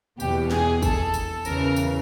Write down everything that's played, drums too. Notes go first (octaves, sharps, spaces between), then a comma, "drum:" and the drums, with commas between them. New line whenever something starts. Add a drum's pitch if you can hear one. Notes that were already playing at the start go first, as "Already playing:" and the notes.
E2 B2 G4, drum: tambourine
G#4, drum: snare
A4, drum: kick, tambourine
drum: tambourine
E2 C#3 E3 A#4, drum: tambourine
drum: tambourine